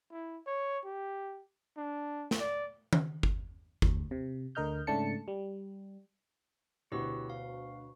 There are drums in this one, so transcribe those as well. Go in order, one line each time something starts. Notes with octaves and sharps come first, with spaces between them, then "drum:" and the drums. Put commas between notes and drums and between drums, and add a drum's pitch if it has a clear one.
E4
C#5
G4
D4
drum: snare
D5
drum: tom D#3
drum: kick G1
D2, drum: kick G1
C3
D2 D3 A#4 D#5 F6 G6
G#2 C#3 A3 D4 A5 C#7
G3
D2 B2 E4 F#4 G4 B4 C#5 E6
F5